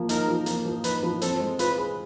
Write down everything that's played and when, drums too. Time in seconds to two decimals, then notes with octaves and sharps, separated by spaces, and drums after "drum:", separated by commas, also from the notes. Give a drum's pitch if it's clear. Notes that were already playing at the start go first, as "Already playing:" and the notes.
Already playing: F3 A#3
0.09 D#4 A#4, drum: hi-hat
0.28 F3
0.46 A#3, drum: hi-hat
0.65 F3
0.84 D#4 B4, drum: hi-hat
1.03 F3
1.22 C4 A4, drum: hi-hat
1.40 G#3
1.59 F4 B4, drum: hi-hat
1.78 G#4